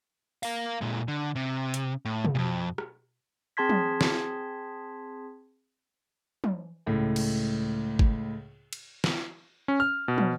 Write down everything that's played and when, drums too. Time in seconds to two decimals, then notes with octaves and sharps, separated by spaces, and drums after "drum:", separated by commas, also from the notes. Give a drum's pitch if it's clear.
0.43 A#4 F5, drum: open hi-hat
0.81 A#2 G#3
1.08 D3
1.35 C3
1.74 drum: hi-hat
2.05 A2
2.25 drum: tom
2.35 F2 A#2
2.78 drum: rim click
3.57 C4 G#4 A5 C6 G#6 B6
3.70 drum: tom
4.01 drum: snare
6.44 drum: tom
6.86 C#2 A2
7.16 drum: cymbal
7.99 drum: kick
8.73 drum: cymbal
9.04 drum: snare
9.68 C#4
9.80 F6
10.08 B2
10.18 drum: tom